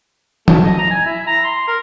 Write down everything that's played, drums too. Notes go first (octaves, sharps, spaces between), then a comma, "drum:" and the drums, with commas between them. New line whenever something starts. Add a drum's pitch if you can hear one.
A3, drum: tom E3
D#5
A#5
G#5
E4
A#5
C6
A#4